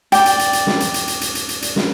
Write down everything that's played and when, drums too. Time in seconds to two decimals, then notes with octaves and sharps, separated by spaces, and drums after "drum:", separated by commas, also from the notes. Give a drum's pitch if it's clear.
0.12 D5 G5, drum: hi-hat
0.26 drum: hi-hat
0.39 drum: hi-hat
0.53 drum: hi-hat
0.67 drum: snare
0.80 drum: hi-hat
0.94 drum: hi-hat
1.08 drum: hi-hat
1.21 drum: hi-hat
1.35 drum: hi-hat
1.49 drum: hi-hat
1.62 drum: hi-hat
1.76 drum: snare